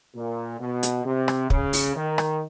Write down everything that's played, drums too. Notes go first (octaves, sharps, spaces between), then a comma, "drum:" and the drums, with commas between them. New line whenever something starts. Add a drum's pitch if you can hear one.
A#2
B2
drum: hi-hat
C3
drum: rim click
C#3, drum: kick
drum: open hi-hat
D#3
drum: rim click